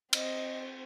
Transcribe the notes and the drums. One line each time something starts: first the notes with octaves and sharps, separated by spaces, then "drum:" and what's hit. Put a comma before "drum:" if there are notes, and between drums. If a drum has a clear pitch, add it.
C4 D#5, drum: cymbal